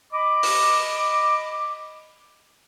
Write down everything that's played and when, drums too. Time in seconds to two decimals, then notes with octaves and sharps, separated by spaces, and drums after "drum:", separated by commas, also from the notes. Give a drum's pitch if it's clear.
0.12 D#5 B5 D6
0.43 drum: open hi-hat